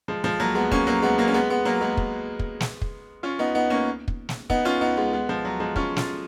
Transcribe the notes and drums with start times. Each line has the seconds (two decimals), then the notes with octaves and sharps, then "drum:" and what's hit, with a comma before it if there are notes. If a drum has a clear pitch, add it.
0.08 F3 G#3
0.24 F3 G#3
0.40 F#3 A#3
0.55 G#3 B3
0.71 A#3 C#4, drum: kick
0.87 F#3 A#3
1.02 G#3 B3
1.18 F#3 A#3
1.28 C#4
1.34 G#3 B3
1.50 G#3 B3
1.65 F#3 A#3
1.81 G#3 B3
1.97 drum: kick
2.39 drum: kick
2.60 drum: snare
2.81 drum: kick
3.23 C#4 F4
3.39 B3 D#4
3.55 B3 D#4
3.70 A#3 C#4
4.08 drum: kick
4.29 drum: snare
4.50 B3 D#4, drum: kick
4.65 C#4 F4
4.81 B3 D#4
4.97 G#3 B3
5.13 G#3 B3
5.29 F3 G#3
5.45 F#3
5.60 F3 G#3
5.76 C#4 F4, drum: kick
5.96 C#4 F4, drum: snare